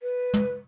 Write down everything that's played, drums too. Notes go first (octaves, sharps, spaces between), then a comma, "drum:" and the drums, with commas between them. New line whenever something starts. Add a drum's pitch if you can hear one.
B4
drum: tom